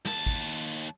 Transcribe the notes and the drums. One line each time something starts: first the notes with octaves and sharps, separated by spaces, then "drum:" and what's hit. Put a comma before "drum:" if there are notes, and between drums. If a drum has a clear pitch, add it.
D#2 A5, drum: snare
drum: kick, tambourine
drum: tambourine